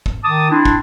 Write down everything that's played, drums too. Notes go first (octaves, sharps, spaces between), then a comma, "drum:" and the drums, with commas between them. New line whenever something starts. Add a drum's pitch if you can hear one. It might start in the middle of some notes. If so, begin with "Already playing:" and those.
drum: kick
D#3 A5 D6 D#6
C4 D4 E4
drum: kick